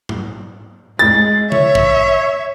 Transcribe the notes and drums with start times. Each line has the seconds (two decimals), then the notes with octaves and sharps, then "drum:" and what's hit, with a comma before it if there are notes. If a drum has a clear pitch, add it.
0.09 drum: tom G#2
0.99 G#3 A6
1.52 C#5 E5, drum: tom D3
1.75 drum: kick